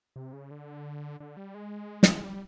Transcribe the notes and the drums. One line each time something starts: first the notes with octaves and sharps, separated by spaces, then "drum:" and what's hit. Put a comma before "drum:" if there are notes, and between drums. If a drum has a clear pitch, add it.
C3
C#3
D3
D3
G3
G#3
drum: snare
G3